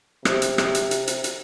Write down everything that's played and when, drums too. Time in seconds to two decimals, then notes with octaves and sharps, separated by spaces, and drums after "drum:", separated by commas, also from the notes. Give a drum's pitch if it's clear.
0.25 C3, drum: rim click
0.42 drum: hi-hat
0.58 drum: rim click
0.75 drum: hi-hat
0.91 drum: hi-hat
1.07 drum: hi-hat
1.24 drum: hi-hat